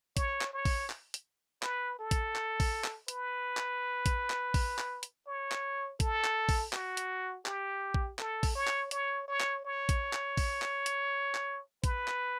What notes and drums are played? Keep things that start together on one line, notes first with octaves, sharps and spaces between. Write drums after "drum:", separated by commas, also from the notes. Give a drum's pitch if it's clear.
C#5, drum: kick A#1, hi-hat
drum: clap
C#5
drum: kick A#1, open hi-hat
drum: clap
drum: hi-hat
B4, drum: clap
A4
drum: kick A#1, hi-hat
drum: clap
drum: kick A#1, open hi-hat
drum: clap
B4, drum: hi-hat
drum: clap
drum: kick A#1, hi-hat
drum: clap
drum: kick A#1, open hi-hat
drum: clap
drum: hi-hat
C#5
drum: clap
A4, drum: kick A#1, hi-hat
drum: clap
drum: kick A#1, open hi-hat
F#4, drum: clap
drum: hi-hat
G4, drum: clap
drum: kick A#1
A4, drum: clap
drum: kick A#1, open hi-hat
C#5
drum: clap
C#5, drum: hi-hat
C#5
drum: clap
C#5
drum: kick A#1, hi-hat
drum: clap
drum: kick A#1, open hi-hat
drum: clap
drum: hi-hat
drum: clap
B4, drum: kick A#1, hi-hat
drum: clap